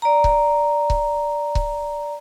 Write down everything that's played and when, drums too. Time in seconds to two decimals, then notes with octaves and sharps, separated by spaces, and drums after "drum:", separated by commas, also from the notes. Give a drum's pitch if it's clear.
0.02 D5 A#5
0.24 drum: kick C#1
0.90 drum: kick C#1
1.55 drum: kick C#1